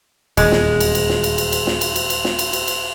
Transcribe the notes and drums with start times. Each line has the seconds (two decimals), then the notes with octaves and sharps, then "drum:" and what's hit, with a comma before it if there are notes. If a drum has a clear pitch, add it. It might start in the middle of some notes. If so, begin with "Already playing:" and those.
0.37 D#1 E2 G#3, drum: cymbal
0.52 drum: snare
0.80 drum: cymbal
0.95 drum: cymbal
1.09 drum: snare
1.24 drum: cymbal
1.38 drum: cymbal
1.52 drum: cymbal
1.67 drum: snare
1.81 drum: cymbal
1.96 drum: cymbal
2.10 drum: cymbal
2.24 drum: snare
2.39 drum: cymbal
2.53 drum: cymbal
2.68 drum: cymbal